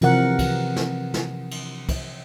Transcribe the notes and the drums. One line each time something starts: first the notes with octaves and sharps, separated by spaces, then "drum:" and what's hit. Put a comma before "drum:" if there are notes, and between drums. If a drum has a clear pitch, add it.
C3 E3 F3 A#4 F#5, drum: cymbal
drum: kick, cymbal
drum: snare
drum: snare
drum: cymbal
drum: kick, cymbal